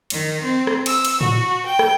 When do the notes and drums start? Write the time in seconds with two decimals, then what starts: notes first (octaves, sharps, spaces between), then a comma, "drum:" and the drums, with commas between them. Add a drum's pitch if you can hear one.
0.10 D#3, drum: cymbal
0.41 C4
0.67 drum: rim click
0.86 E6, drum: cymbal
1.05 drum: cymbal
1.21 F#4, drum: tom A2
1.65 G5
1.79 drum: rim click